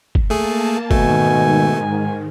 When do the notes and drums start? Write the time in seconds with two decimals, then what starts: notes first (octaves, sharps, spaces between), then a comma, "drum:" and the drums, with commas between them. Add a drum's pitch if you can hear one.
0.15 drum: kick F#1
0.30 A3 A#3 G#4 A5
0.91 G#2 B2 D#3 A3 G#5, drum: kick F#1